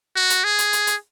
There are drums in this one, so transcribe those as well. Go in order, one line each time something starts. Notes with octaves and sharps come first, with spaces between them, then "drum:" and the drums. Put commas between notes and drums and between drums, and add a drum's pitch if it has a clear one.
F#4
drum: hi-hat
G#4
drum: hi-hat
drum: hi-hat
drum: hi-hat